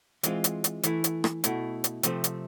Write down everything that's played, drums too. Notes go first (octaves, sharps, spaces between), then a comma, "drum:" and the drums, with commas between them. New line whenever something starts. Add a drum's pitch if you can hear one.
E3 G#3 C4 F4, drum: hi-hat
drum: hi-hat
drum: hi-hat
E3 A3 E4, drum: hi-hat
drum: hi-hat
drum: rim click
B2 A3 E4, drum: hi-hat
drum: hi-hat
C3 F3 A3 C4, drum: hi-hat
drum: hi-hat